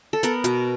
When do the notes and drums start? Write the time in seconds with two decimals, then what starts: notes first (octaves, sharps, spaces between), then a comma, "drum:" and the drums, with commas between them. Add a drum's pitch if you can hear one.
0.13 A4
0.23 B3 A#4, drum: hi-hat
0.44 B2, drum: hi-hat